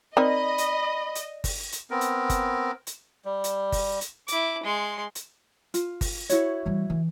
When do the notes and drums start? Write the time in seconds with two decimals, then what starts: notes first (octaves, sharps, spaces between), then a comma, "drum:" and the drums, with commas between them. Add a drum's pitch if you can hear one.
0.17 C4 D#4 A#4 D5 D#5 B5
0.58 drum: hi-hat
1.15 drum: hi-hat
1.44 drum: kick G1, open hi-hat
1.72 drum: hi-hat
1.91 B3 C4 A#4
2.01 drum: hi-hat
2.30 drum: kick G1, hi-hat
2.87 drum: hi-hat
3.25 G3
3.44 drum: hi-hat
3.72 drum: kick G1, open hi-hat
4.01 drum: hi-hat
4.28 E4 D6, drum: hi-hat
4.64 G#3 C6
5.15 drum: hi-hat
5.74 F4, drum: hi-hat
6.01 drum: kick G1, open hi-hat
6.29 E4 F#4 C#5, drum: hi-hat
6.66 E3 G3
6.90 E3